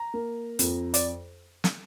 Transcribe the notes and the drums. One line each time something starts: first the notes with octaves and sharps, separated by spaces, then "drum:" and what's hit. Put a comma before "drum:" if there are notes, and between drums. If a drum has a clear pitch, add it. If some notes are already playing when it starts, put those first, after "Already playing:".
Already playing: A#5
A#3
F2, drum: hi-hat
D5, drum: hi-hat
drum: snare